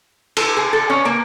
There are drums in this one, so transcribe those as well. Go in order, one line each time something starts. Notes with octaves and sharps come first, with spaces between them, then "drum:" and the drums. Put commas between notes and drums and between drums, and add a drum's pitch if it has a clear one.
A4, drum: cymbal
G#4
A4
C#4
A#3